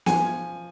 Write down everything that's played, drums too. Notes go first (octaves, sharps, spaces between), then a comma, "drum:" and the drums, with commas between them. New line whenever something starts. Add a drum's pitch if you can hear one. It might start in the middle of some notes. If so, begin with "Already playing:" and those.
F3 G#5, drum: snare